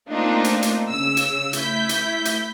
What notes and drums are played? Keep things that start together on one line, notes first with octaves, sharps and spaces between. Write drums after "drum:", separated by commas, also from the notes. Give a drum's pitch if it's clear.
A3 A#3 C4 D4 D#4 F4
drum: hi-hat
drum: hi-hat
C#3 E6
drum: hi-hat
A3 E4 G6 B6, drum: hi-hat
drum: hi-hat
drum: hi-hat